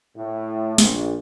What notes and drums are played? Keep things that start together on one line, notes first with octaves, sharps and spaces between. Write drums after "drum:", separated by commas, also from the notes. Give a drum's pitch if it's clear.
A2
A#1, drum: snare